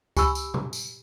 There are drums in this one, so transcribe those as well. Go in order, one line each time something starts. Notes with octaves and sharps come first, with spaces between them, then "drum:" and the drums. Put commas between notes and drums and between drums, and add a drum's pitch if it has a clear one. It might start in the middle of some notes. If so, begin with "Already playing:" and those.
G4 G#5 B5 C#6 E6, drum: kick C#2, tambourine
drum: tambourine
drum: tom
drum: tambourine